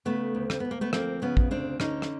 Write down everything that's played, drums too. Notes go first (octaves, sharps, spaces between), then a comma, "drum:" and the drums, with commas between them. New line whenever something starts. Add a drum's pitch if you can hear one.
C#3 A3 B3
D2
C4, drum: rim click
D2 B3
A#3
A3 B3
F3 A#3 C4, drum: rim click
C#3 B3 C#4
drum: kick
D2 C4 D4
D3 C#4 D#4, drum: rim click
drum: rim click